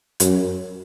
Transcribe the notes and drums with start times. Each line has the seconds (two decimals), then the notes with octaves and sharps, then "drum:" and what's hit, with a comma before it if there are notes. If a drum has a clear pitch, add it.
0.20 F#2, drum: hi-hat